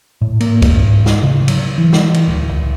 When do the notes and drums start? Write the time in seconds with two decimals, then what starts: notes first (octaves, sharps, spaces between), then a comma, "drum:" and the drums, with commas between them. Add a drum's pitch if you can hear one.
0.21 A2
0.40 A#3, drum: cymbal
0.62 drum: kick, cymbal
0.77 G#2
1.06 G#2, drum: snare
1.23 C#3
1.48 F#3, drum: cymbal
1.78 E3
1.93 drum: snare
2.14 drum: cymbal
2.27 D1
2.51 C#2